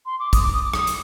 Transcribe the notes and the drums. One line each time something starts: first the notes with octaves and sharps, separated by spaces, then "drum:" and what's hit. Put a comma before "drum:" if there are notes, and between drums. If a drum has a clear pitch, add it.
C6
D6
D#6, drum: kick, hi-hat
D6
D#6
D6
D#6, drum: rim click
drum: hi-hat